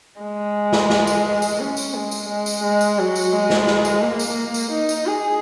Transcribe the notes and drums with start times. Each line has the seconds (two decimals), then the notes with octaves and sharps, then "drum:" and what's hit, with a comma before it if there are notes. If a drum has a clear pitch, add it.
0.21 G#3
0.73 drum: snare
0.90 drum: snare
1.07 drum: tambourine
1.42 drum: tambourine
1.60 C#4
1.77 drum: tambourine
1.94 G#3
2.11 drum: tambourine
2.29 G#3
2.46 drum: tambourine
2.63 G#3
2.81 drum: tambourine
2.99 F#3
3.15 drum: tambourine
3.33 G#3
3.50 drum: snare
3.67 drum: snare
3.85 drum: tambourine
4.02 A#3
4.19 drum: tambourine
4.54 drum: tambourine
4.72 D#4
4.89 drum: tambourine
5.06 G#4